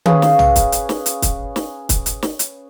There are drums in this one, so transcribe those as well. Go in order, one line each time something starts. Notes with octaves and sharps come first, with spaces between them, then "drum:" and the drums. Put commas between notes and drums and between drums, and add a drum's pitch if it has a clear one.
C#4 G#4 B4 F5, drum: tom D#3
drum: snare
drum: tom
drum: kick, hi-hat
drum: hi-hat
drum: snare
drum: hi-hat
drum: kick, hi-hat
drum: snare
drum: kick, hi-hat
drum: hi-hat
drum: snare
drum: hi-hat